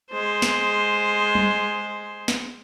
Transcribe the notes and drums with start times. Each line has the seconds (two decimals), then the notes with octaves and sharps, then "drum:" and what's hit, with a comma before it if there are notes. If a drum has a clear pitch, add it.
0.11 G#3 C5
0.42 drum: snare
1.35 drum: tom
2.28 drum: snare